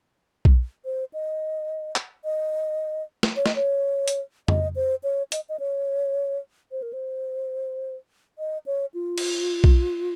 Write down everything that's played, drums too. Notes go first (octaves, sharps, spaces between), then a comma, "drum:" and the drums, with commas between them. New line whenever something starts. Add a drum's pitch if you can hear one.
drum: kick B1
C5
D#5
drum: clap
D#5
drum: snare
C#5
D#5, drum: snare
C#5
drum: hi-hat
D#5, drum: tom F2
C5
C#5
D#5, drum: hi-hat
D#5
C#5
C5
A#4
C5
D#5
C#5
F4
drum: cymbal
drum: kick B1